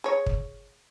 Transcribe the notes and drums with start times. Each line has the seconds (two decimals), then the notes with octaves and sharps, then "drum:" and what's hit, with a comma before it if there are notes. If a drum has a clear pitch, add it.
0.04 G#4 C#5
0.26 drum: kick